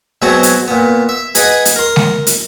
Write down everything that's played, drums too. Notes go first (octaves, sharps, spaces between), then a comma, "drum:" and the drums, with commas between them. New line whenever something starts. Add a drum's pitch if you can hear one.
B2 F#3 G#3 B3 C4 F#4
drum: hi-hat
A#2 B3
E5
G#4 B4 D#5 F#5, drum: hi-hat
drum: hi-hat
A#4 C6
drum: snare G#3
drum: hi-hat